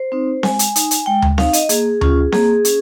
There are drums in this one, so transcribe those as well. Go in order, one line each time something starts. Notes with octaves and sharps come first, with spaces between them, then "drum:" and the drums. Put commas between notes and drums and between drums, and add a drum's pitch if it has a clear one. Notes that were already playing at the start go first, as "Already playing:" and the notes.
Already playing: C5
C4 D#4
G#3 G#5, drum: snare C4
drum: hi-hat
D#4, drum: hi-hat
drum: hi-hat
G#3 G5
drum: tom D2
D#4 F5, drum: snare C4
D#5, drum: hi-hat
A#3 G#4, drum: hi-hat
C#4 F4, drum: tom D2
A#3 G#4, drum: snare C4
C#4, drum: hi-hat